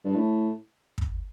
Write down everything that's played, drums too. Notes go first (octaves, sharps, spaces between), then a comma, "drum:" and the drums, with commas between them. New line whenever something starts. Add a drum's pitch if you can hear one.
G2
A2
drum: kick